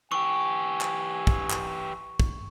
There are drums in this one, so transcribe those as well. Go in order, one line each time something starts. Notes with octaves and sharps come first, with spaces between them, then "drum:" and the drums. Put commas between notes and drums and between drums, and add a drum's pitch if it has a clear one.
E3 G4 G#5 C#6
drum: clap
drum: kick
drum: clap
drum: kick